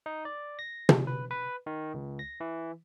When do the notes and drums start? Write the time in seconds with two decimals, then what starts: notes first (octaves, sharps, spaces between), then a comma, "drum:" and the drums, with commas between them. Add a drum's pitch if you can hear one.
0.06 D#4
0.25 D5
0.59 A#6
0.89 drum: tom
1.07 B4
1.31 B4
1.66 D#3
1.94 C#2
2.19 A#6
2.40 E3